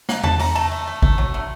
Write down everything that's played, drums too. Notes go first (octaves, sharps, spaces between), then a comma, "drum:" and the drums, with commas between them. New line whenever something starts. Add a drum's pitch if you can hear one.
A#3 F#5, drum: snare
G3 A5, drum: tom E2
D3 A#5, drum: open hi-hat
A3 A5
A3
A3
A3, drum: kick G#1
F#3
D3